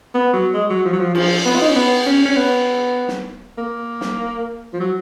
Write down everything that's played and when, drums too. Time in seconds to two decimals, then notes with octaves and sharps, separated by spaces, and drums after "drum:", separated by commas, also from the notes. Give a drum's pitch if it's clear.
0.14 B3
0.34 F#3
0.54 G#3
0.70 F#3
0.85 F3
0.93 F#3
0.99 F3
1.15 F3, drum: cymbal
1.45 B3
1.55 F4
1.61 D#4
1.69 C#4
1.75 B3
2.06 C#4
2.26 C#4
2.36 B3
3.08 drum: snare
3.58 A#3
4.01 drum: snare
4.74 F3
4.80 F#3